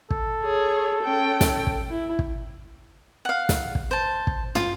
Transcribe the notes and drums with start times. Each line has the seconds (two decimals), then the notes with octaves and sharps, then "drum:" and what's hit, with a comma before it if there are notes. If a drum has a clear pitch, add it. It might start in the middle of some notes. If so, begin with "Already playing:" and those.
0.10 A4, drum: kick
0.44 G#4 C#5
1.03 C#4 G5
1.41 drum: snare
1.67 drum: kick
1.90 E4
2.19 drum: kick
3.25 F5 F#5
3.49 drum: snare
3.75 drum: kick
3.91 C5 A5
4.27 drum: kick
4.55 F4, drum: tom